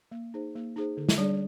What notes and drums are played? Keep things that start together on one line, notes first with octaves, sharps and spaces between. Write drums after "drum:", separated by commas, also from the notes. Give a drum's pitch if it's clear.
A#3
D#4 G#4 C5
A#3
D#4 G#4 C5
D3
drum: snare
G3 D4 G#4 D5